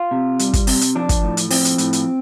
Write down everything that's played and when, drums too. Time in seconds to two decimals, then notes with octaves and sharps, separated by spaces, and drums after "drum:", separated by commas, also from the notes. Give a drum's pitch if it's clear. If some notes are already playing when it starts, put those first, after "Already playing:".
Already playing: F4
0.11 C3
0.39 G3, drum: hi-hat
0.54 drum: kick, hi-hat
0.67 C3, drum: open hi-hat
0.81 drum: hi-hat
0.95 F3 D4
1.09 drum: kick, hi-hat
1.23 A2
1.37 drum: hi-hat
1.50 F3 C4, drum: open hi-hat
1.65 drum: hi-hat
1.78 A2, drum: hi-hat
1.93 drum: hi-hat